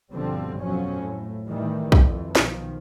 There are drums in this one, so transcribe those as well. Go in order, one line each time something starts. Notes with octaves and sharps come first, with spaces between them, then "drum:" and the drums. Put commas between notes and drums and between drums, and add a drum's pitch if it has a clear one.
G1 B2 D3 F3 G3 C4
F2 B2 F3 F#3 C#4
A2
A2 D#3 E3 G3
F2 E3, drum: kick
B1 D#3 F3, drum: snare